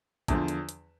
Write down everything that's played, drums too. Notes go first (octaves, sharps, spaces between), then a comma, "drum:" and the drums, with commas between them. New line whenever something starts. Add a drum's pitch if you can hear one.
E2 D3 F3, drum: kick A#1, hi-hat
drum: hi-hat
drum: hi-hat